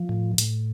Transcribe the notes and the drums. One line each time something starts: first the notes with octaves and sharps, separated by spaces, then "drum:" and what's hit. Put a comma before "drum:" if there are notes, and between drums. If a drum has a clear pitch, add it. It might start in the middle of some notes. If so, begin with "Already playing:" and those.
Already playing: F3
A2
A2, drum: hi-hat